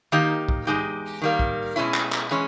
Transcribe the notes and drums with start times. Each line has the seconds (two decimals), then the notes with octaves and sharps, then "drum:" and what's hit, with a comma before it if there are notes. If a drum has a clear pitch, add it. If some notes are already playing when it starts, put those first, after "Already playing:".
0.12 D#3 A#3 D#4 G4
0.49 drum: kick
0.67 E2 C#3 G#3 D#4 G4
1.22 D#3 G3 A#3
1.39 drum: kick
1.76 B2 G#3 C#4 E4
1.94 drum: clap
2.12 drum: clap
2.31 E3 G#3 C#4